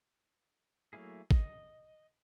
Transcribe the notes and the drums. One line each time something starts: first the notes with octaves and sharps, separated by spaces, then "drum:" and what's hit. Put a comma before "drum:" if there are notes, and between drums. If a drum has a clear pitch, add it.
F#3 A3 A#3 E4 G#4
D#5, drum: kick G#1